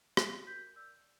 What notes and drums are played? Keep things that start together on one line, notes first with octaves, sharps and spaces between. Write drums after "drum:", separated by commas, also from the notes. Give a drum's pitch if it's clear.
F#4 F#6 A#6, drum: rim click
A#4 G6 B6
D5 E6 G6